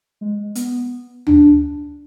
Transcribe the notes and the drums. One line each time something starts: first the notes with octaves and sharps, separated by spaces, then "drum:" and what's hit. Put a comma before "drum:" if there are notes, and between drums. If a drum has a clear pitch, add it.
G#3
B3, drum: hi-hat
D4, drum: tom D2